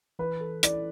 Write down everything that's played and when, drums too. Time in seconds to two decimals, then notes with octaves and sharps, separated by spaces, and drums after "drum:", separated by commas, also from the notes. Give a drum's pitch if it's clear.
0.19 E3 B4
0.41 A4
0.63 E4 D5, drum: hi-hat